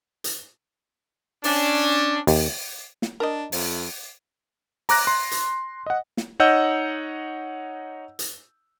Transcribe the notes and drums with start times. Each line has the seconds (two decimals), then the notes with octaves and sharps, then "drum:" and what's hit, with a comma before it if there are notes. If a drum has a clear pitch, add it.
0.24 drum: hi-hat
1.44 C#4 D4, drum: open hi-hat
2.27 D#2, drum: open hi-hat
3.02 drum: snare
3.20 D4 A#4 D#5
3.52 F2, drum: open hi-hat
4.89 A#5 D6 F#6 A#6, drum: open hi-hat
5.05 C6 F#6
5.31 drum: hi-hat
5.86 D#5 F#5
6.17 drum: snare
6.40 D#4 C#5 D#5 F#5 E6 G6
8.19 drum: hi-hat